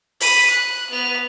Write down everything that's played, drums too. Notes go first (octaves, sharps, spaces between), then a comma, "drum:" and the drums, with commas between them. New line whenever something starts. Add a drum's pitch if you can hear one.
B5 D#7, drum: open hi-hat
F#6
B3 F7